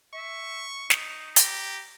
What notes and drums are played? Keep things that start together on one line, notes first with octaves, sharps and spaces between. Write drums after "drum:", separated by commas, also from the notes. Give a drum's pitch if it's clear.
E5 C#6
D#4, drum: snare
G4 A#5, drum: hi-hat